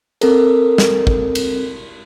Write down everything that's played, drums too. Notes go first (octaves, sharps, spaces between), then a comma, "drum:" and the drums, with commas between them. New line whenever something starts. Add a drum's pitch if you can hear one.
C4 A4 A#4, drum: cymbal
drum: snare
drum: kick
drum: cymbal